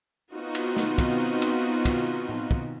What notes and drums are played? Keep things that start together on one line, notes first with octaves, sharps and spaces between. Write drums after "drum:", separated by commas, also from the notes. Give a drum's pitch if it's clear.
B3 C4 D#4 F4 F#4
drum: cymbal
drum: snare
drum: kick, cymbal
drum: cymbal
drum: kick, cymbal
drum: tom A2
drum: kick